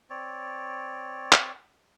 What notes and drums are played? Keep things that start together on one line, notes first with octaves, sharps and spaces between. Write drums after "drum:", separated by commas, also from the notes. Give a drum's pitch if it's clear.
C4 C#5 D5
drum: clap